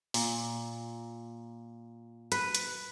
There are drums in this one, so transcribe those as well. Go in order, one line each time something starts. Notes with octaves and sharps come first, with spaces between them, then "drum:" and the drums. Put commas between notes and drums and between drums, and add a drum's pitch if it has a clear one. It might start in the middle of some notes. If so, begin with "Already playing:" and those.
A#2, drum: open hi-hat
B4, drum: hi-hat
drum: hi-hat